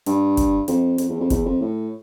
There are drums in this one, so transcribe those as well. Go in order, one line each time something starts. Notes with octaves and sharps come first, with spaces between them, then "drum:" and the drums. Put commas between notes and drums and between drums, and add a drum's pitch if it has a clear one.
G2, drum: hi-hat
drum: kick F#1, hi-hat
F2, drum: hi-hat
F2, drum: hi-hat
E2
F2
E2, drum: kick F#1, hi-hat
F2
A2